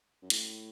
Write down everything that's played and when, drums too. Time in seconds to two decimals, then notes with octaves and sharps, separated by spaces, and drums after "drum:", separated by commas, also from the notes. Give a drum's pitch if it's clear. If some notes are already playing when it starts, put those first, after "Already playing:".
0.22 F#2
0.30 A2, drum: hi-hat